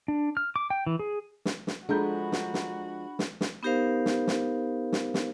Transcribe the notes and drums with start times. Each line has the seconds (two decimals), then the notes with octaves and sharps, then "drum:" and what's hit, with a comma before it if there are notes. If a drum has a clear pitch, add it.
0.08 D4
0.37 F6
0.56 D6
0.70 G5
0.87 E3
0.99 G#4
1.45 drum: snare
1.67 drum: snare
1.89 F3 G#3 D4 F#4 A4 A#5 B5 G6
2.32 drum: snare
2.54 drum: snare
3.19 drum: snare
3.41 drum: snare
3.63 B3 D#4 G4 A#4 C5 F5
4.06 drum: snare
4.27 drum: snare
4.92 drum: snare
5.14 drum: snare